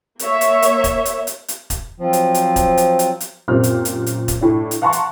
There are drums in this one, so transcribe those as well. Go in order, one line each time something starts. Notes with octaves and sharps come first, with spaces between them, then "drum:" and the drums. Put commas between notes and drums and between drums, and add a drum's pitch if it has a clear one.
A#3 C#5 E5, drum: hi-hat
drum: hi-hat
drum: hi-hat
drum: kick E1, hi-hat
drum: hi-hat
drum: hi-hat
drum: hi-hat
drum: kick E1, hi-hat
F3 F#3 C4 F4
drum: hi-hat
drum: hi-hat
drum: kick E1, hi-hat
drum: hi-hat
drum: hi-hat
drum: hi-hat
F#2 A#2 C4 G4 F6
drum: hi-hat
drum: hi-hat
drum: hi-hat
drum: kick E1, hi-hat
A2 D4
drum: hi-hat
F5 F#5 A5 A#5 C6 C#6
drum: hi-hat